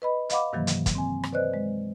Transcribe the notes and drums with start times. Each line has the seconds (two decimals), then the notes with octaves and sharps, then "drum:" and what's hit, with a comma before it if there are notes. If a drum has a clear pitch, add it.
0.02 B4 D#5 B5
0.30 D#5 F5 F#5 B5 D6, drum: hi-hat
0.53 G2 C3 D#3 E3 F#3 A#3
0.67 drum: hi-hat
0.86 drum: kick, hi-hat
0.95 C4 G#5
1.23 drum: rim click
1.33 B4 C5 D5 D#5 F#6
1.54 G#3